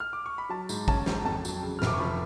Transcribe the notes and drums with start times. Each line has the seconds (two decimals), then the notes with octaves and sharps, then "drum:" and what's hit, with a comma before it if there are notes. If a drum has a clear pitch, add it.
0.00 F6
0.13 D6
0.26 C#6
0.38 B5
0.49 F#3 A5
0.69 G#2, drum: tambourine
0.88 C#4 A5, drum: kick
1.06 G#2, drum: snare
1.25 F2 A5
1.45 F#3, drum: tambourine
1.63 C#3
1.79 F6
1.82 F1 D6, drum: snare
1.94 C#6
2.00 F3 B5